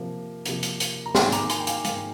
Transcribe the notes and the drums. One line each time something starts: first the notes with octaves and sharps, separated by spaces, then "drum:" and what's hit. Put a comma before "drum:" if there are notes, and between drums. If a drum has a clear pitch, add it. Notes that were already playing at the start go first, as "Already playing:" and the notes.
Already playing: C3 F3 A#3
C3 F3 A#3, drum: hi-hat
drum: hi-hat
drum: hi-hat
A#5
G#2 D#3 A#3 G#5 C6, drum: snare
A#5 D6, drum: hi-hat
G#5 C6, drum: hi-hat
G5
F5 G#5, drum: hi-hat
G#2 D#3 A#3 F5, drum: hi-hat